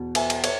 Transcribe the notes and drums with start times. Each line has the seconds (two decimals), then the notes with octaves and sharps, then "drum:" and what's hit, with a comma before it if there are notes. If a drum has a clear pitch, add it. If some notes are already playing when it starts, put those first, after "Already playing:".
Already playing: E2 B2
0.15 E5 G#5, drum: cymbal
0.30 drum: cymbal
0.44 C#5 E5, drum: cymbal